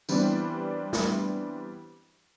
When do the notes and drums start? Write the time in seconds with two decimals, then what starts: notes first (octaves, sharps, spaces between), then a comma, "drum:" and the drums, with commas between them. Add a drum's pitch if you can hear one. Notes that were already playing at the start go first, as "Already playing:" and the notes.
0.09 E3 G3 B3 C4 D4, drum: tambourine
0.93 drum: snare